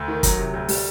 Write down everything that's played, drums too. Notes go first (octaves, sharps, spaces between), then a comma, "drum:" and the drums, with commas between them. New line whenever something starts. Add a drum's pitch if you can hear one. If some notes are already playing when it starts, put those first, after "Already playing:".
Already playing: D2
D#3
F#3 A#5, drum: kick, hi-hat
C3
D2
G3, drum: open hi-hat